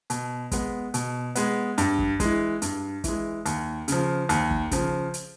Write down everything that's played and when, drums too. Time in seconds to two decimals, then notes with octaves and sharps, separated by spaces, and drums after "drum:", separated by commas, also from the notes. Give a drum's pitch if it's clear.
0.10 B2, drum: hi-hat
0.52 G#3 B3, drum: kick, hi-hat
0.94 B2, drum: hi-hat
1.35 G#3 B3, drum: hi-hat
1.78 G2, drum: hi-hat
1.99 drum: kick
2.20 E3 G#3, drum: kick, hi-hat
2.62 G2, drum: hi-hat
3.04 E3 G#3, drum: kick, hi-hat
3.46 D#2, drum: hi-hat
3.88 C#3 F3, drum: hi-hat
4.29 D#2, drum: hi-hat
4.51 drum: kick
4.71 C#3 F3, drum: kick, hi-hat
5.14 drum: hi-hat